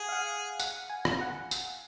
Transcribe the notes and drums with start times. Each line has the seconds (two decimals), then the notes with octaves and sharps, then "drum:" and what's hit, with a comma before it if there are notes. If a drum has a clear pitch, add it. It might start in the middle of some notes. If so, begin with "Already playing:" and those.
Already playing: G#4 F#5
0.09 F5
0.12 F#5
0.59 F#5, drum: tambourine
0.90 G#5
1.05 drum: rim click
1.21 F#5
1.51 drum: tambourine